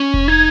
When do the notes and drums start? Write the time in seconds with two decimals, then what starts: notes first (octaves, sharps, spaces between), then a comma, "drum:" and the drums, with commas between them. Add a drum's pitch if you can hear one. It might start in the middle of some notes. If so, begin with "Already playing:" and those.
Already playing: C#4
0.14 drum: kick F1
0.28 D#4 G#6